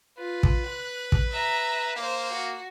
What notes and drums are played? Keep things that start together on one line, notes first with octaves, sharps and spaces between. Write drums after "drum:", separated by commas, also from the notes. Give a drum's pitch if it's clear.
F4 B4
drum: kick
F#6
drum: kick
E5 A#5
A#3 C5 F5
F#4